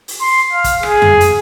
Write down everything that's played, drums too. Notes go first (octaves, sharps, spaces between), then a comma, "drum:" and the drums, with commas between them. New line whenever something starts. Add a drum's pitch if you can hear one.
drum: open hi-hat
C6
F5
drum: kick, hi-hat
G#4, drum: rim click
drum: tom F2
drum: hi-hat